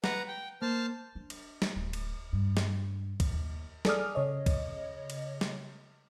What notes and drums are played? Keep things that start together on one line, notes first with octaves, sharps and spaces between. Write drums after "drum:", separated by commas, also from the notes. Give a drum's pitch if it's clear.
B4 F#5 A#5, drum: snare
G5
A#3 C5 A5 F6
D4
drum: cymbal
drum: snare
D1
drum: cymbal
G2
drum: snare
drum: kick C2, cymbal
D#2
G#4 A4 D5 D6 D#6 F6, drum: snare
C#3 C#5 D#5
drum: kick C2, cymbal
drum: cymbal
drum: snare